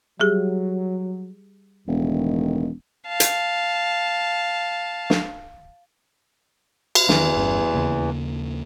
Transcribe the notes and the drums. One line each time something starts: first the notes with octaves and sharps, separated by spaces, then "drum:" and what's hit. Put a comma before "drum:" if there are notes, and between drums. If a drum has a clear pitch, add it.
F#3 G3 G4 G#4
E1 C#2 A2 D#3
F5 A5
drum: hi-hat
drum: snare
drum: cymbal
E2 D#3 E3 C4, drum: snare
G1 G2 C#4
D#2 C#3 A#3